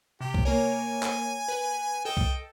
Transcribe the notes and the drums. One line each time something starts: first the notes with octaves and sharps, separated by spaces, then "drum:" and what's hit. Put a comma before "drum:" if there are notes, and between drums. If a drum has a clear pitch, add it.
C3 G4
drum: kick C2
A#3 A#4 C#5 G#5
drum: clap
B4
A4 D#5 G5
drum: kick C2